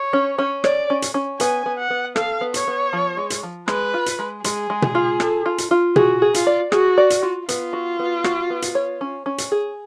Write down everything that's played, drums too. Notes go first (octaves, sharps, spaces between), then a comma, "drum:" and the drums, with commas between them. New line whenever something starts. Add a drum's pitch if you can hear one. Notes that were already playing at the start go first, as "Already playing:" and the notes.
Already playing: C#5
C#4
C#4
C#5 D5, drum: rim click
C#4
drum: hi-hat
C#4
B3 G#5, drum: hi-hat
B3
F#5
B3
A4 F5, drum: rim click
B3
C#5, drum: hi-hat
B3
F3
G#3
drum: hi-hat
F3
G#3 B4, drum: rim click
F4
drum: hi-hat
G#3
G#3 G#4, drum: hi-hat
G#3
drum: tom B2
F4
A4, drum: rim click
F4
drum: hi-hat
F4
F#4 G#4, drum: tom B2
G#4
F4, drum: hi-hat
D5
F#4 G#4, drum: rim click
D5
drum: hi-hat
F4
B3 F4, drum: hi-hat
F#4
B3
F#4, drum: rim click
B3
drum: hi-hat
C#5
C#4
C#4
drum: hi-hat
G#4